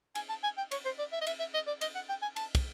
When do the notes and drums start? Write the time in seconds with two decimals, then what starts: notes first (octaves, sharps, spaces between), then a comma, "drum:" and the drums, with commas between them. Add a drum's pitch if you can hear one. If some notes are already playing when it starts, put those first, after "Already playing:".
0.15 G#5, drum: cymbal
0.29 A5
0.43 G#5
0.57 G5
0.71 C#5, drum: cymbal
0.85 C5
0.99 D5
1.12 E5
1.21 D#5
1.27 E5, drum: cymbal
1.40 E5
1.54 D#5
1.67 D5
1.81 D#5, drum: cymbal
1.95 F#5
2.09 G5
2.22 G#5
2.36 A5, drum: cymbal
2.55 drum: kick, cymbal